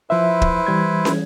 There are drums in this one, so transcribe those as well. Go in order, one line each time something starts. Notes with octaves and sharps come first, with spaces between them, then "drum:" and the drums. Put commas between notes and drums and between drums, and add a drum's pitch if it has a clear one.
F3 E4 B4 C5 E5
drum: kick
E3 G3 G#6
drum: snare